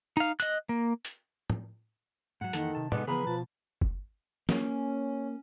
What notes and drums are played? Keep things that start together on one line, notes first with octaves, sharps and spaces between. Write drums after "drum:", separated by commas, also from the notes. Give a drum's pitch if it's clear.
D#4 F5
D#5 F#6, drum: hi-hat
A#3
drum: hi-hat
drum: tom A2
G#2 F#3 F#5
F2 D#3 E3 A#3 A4, drum: hi-hat
C3 A5
G#3 B3 D#4 A4 D5, drum: tom
C#3 E3 F3 B3 G#4 B4 A#5 B5
B2 F3 A5
drum: kick
A#3 C#4, drum: snare